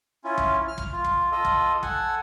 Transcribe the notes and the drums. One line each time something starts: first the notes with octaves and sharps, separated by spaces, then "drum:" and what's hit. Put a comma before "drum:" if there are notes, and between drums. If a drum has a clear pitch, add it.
C#4 E4 F4
drum: kick
F6
drum: kick
F4
drum: kick
F4 A4 D#5
drum: kick
A4 F#5 G#5, drum: kick